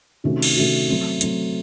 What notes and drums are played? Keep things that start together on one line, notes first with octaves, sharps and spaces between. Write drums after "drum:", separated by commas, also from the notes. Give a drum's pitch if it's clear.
C3 D#3 A3 C#4 F#4
drum: cymbal
C3 D#3 A3 C#4 F#4
F#3 A3 C4
F#3 A3 C4, drum: hi-hat